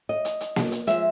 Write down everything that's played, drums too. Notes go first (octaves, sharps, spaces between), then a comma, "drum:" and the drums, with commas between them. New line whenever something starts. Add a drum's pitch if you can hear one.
D#5
drum: hi-hat
drum: hi-hat
drum: snare A#3
drum: hi-hat
F3 G#3 E5, drum: hi-hat